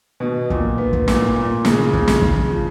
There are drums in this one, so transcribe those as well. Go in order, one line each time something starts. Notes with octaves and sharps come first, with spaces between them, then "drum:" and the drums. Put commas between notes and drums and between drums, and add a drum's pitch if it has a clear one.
B2
A#2, drum: kick
B3
drum: kick
A#2, drum: snare
A#2
C#3, drum: snare
C#3, drum: kick
drum: snare
C#3, drum: kick
F3